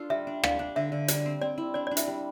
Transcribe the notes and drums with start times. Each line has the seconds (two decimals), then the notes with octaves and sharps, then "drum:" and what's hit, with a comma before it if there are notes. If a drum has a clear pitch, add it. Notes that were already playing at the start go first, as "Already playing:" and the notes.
Already playing: D4 F4 A4
0.10 G3 E5
0.27 D4
0.44 D4 F5, drum: rim click
0.59 D4
0.76 D3 E5
0.92 D3
1.08 G3 D5, drum: hi-hat
1.26 C4
1.41 C4 D5
1.58 E4
1.74 D4 D5
1.87 D4 D5
1.97 E5, drum: hi-hat
2.07 G3